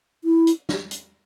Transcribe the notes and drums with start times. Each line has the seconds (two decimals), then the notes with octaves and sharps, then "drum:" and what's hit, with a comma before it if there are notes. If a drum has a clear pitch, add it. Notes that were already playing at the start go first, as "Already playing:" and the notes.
0.24 E4
0.47 drum: hi-hat
0.69 drum: snare
0.91 drum: hi-hat